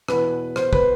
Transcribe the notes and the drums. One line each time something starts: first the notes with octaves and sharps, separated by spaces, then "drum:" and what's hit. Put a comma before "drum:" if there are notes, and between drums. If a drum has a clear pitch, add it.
E2 B2 B4, drum: rim click
C5, drum: rim click
B4, drum: kick